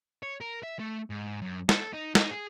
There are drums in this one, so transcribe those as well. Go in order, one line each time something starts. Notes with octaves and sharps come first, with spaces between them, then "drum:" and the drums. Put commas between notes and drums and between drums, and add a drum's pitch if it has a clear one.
C#5
A#4
E5
A3
G#2
F#2
A4, drum: snare
D#4
D#4, drum: snare
G#4